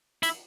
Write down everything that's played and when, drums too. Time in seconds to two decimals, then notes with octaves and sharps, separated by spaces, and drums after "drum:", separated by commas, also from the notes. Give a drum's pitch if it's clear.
0.23 E4, drum: hi-hat